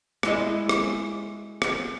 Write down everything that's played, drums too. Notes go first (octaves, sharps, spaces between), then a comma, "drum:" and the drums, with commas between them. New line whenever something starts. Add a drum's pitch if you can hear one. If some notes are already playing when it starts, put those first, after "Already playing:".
G#3 E4 D#5, drum: rim click
drum: rim click
drum: rim click